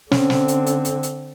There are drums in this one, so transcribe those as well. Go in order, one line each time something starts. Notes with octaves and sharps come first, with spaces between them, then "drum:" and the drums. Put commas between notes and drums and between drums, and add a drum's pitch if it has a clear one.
D3 C4 C#4, drum: snare
drum: snare
drum: hi-hat
drum: hi-hat
drum: hi-hat
drum: hi-hat